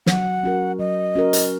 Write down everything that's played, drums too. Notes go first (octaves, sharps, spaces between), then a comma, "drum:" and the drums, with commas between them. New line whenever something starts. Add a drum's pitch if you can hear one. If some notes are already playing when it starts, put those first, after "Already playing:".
F#3 F#5, drum: snare
C#4 F#4 A#4
F#3 D#5
C#4 F#4 A#4
drum: hi-hat